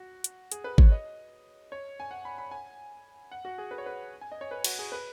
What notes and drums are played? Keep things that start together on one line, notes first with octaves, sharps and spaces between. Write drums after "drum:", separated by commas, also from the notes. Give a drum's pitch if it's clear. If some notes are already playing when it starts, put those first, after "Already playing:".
Already playing: F#4
drum: hi-hat
G#4, drum: hi-hat
B4
C#5, drum: kick G#1
D#5
C#5
G#5
F#5
B5
B5
G#5
F#5
F#4
G#4
B4
C#5
B4
G#5
D#5
C#5
B4
F#4, drum: cymbal
G#4
B4